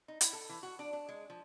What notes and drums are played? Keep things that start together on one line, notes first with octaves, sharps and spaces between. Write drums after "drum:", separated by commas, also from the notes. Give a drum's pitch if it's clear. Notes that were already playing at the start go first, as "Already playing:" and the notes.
D#4
E4, drum: hi-hat
A4
E3
F#4
D4
D4
G#3
F3